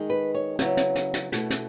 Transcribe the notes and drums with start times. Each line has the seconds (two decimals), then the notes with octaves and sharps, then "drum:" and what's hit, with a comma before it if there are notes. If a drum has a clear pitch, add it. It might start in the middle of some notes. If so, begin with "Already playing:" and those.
Already playing: D#3 G#3 D#4
0.10 B4
0.34 C#5
0.59 C#3 F#3 B3 E4 C#5, drum: hi-hat
0.77 drum: hi-hat
0.95 drum: hi-hat
1.14 drum: hi-hat
1.32 B2 A3 E4, drum: hi-hat
1.50 drum: hi-hat